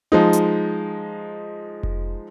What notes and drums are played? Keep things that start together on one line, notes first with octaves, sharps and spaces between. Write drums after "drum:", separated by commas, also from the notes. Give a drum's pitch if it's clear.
F3 G#3 D#4
drum: hi-hat
drum: kick F1